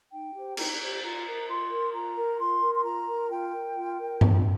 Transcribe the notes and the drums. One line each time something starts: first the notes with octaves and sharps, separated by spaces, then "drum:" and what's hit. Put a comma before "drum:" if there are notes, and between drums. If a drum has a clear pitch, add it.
D#4 G5
G4 C5
D#4 A#5, drum: cymbal
G4 C5
F4 A#5
A#4
F4 C6
A#4
F4 A#5
A#4
F4 C6
A#4
C6
F4 A#5
A#4
F4 G5
A#4
F4
A#4
F4, drum: tom G2